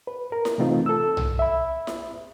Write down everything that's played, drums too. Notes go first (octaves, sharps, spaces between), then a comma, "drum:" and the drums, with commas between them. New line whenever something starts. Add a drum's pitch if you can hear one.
B4
A#4
drum: snare E4
C3 E3 A3 C4 D#4 F4
A4 E6
drum: tom B1
E5 B5
drum: snare E4